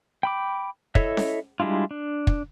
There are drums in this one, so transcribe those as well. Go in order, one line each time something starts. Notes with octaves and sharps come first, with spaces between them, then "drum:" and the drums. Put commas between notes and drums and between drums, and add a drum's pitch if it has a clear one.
G5 B5 D6
E4 A4 C#5 D#5 E5, drum: kick
drum: snare C#4
G3 G#3 D4 E4 F4
D4
drum: kick